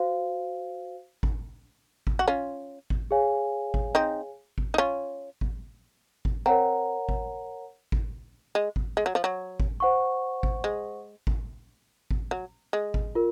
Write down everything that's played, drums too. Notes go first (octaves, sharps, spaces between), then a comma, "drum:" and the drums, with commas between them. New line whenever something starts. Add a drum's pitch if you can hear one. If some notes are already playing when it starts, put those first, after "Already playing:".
Already playing: F#4 C5 F5
drum: kick G#1
drum: kick G#1
F#4
C#4 F4
drum: kick G#1
G#4 C#5 F5 G#5
drum: kick G#1
C4 D#4
drum: kick G#1
D#4
C#4 F4
drum: kick G#1
drum: kick G#1
C4 A#4 C#5 F#5 A#5
drum: kick G#1
drum: kick G#1
G#3
drum: kick G#1
G#3
F#3
F3
F#3
drum: kick G#1
C5 F#5 C#6
drum: kick G#1
G#3
drum: kick G#1
drum: kick G#1
F#3
G#3
drum: kick G#1
F4 A#4